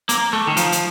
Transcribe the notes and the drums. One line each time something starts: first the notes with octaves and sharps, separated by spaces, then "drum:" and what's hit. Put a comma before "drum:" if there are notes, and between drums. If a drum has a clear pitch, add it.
A#3, drum: hi-hat
A3
D#3
F3, drum: hi-hat
drum: hi-hat